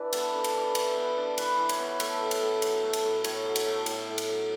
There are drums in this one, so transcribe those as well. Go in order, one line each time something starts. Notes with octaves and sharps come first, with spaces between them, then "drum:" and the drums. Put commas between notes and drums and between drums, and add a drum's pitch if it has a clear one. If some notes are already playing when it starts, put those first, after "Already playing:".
Already playing: E3 D4 B4
B3 A4, drum: cymbal
D4
drum: cymbal
E3
E3, drum: cymbal
B3
D4
E3 B4, drum: cymbal
E3
C#5, drum: cymbal
B3
A3, drum: cymbal
A2
drum: cymbal
A2
F#3, drum: cymbal
A3
drum: cymbal
A2
A2 C#5, drum: cymbal
F#3
drum: cymbal
A3
A2, drum: cymbal
A2
drum: cymbal
F#3